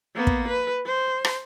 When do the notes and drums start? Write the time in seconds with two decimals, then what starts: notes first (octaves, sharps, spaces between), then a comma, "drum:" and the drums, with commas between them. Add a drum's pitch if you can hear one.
0.16 A#3 B3
0.27 drum: kick
0.48 B4
0.85 C5
1.25 drum: rim click